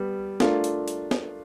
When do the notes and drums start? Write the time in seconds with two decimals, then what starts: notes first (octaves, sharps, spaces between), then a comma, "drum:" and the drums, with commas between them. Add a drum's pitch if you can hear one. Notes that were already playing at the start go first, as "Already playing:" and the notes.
Already playing: G3 B3
0.40 A3 D4 F4 A#4, drum: snare
0.64 drum: hi-hat
0.88 drum: hi-hat
1.11 drum: snare